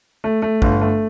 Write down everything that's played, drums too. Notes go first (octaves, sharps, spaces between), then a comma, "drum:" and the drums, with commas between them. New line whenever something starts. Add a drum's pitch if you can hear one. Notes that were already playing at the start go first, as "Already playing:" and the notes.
A3
A3
G1, drum: kick A1
A3